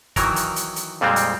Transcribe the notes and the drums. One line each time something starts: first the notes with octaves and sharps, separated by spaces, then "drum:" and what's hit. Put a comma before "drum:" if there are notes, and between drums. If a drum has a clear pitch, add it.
D#3 E3 F#3 A#4, drum: kick, hi-hat
drum: hi-hat
drum: hi-hat
drum: hi-hat
F2 A#2 G3 G#3 C4
drum: hi-hat